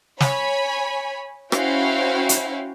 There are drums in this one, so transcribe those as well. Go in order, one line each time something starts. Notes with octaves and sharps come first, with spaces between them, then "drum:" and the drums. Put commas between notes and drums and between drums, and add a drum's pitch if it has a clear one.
C#5 G#5 B5, drum: snare
C#4 E4 F#4 C5 F5 G5, drum: rim click
drum: hi-hat